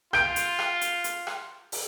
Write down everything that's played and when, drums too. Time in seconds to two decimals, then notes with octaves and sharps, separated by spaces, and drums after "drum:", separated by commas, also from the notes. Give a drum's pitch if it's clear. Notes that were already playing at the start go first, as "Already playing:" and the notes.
0.13 F4 G6 D7, drum: rim click
0.36 drum: hi-hat
0.59 drum: rim click
0.81 drum: hi-hat
1.04 drum: hi-hat
1.27 drum: rim click
1.72 drum: open hi-hat